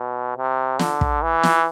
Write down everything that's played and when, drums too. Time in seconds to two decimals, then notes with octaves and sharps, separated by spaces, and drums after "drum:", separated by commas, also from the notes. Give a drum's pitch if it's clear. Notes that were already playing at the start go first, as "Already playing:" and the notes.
Already playing: B2
0.37 C3
0.79 D3, drum: snare
1.01 drum: kick
1.23 E3
1.43 drum: snare